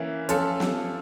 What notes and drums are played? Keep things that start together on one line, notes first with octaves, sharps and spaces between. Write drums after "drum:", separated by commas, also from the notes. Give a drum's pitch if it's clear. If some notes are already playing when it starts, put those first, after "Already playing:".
Already playing: E3 A#3 C#4 E4
F3 C#4 F4 A4, drum: hi-hat
drum: snare